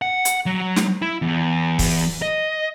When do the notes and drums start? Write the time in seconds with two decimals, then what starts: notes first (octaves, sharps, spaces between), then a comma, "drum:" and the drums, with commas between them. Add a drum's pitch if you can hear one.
0.02 F#5
0.25 drum: hi-hat
0.46 F#3
0.76 drum: snare
1.02 E4
1.22 E2
1.79 drum: kick, open hi-hat
2.22 D#5